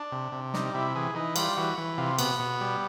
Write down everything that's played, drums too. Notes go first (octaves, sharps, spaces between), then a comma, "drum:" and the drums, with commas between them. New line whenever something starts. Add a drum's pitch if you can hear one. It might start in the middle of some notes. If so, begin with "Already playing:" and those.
Already playing: D4
C3
C3
G3 D#4, drum: snare
C3 E4
E3 G#4
E3 D#4
G3 F4, drum: cymbal
E3 F#4
E3
C3 F4
B2 B3, drum: cymbal
B2
G3